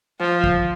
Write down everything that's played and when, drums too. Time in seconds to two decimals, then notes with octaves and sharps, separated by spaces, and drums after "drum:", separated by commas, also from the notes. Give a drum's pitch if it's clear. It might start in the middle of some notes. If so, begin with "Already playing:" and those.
0.20 F3
0.44 drum: kick